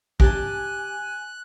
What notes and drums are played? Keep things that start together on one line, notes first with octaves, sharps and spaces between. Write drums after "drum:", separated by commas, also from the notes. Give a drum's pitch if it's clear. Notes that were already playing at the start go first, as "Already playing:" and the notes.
G4 G#5 A5 F#6, drum: kick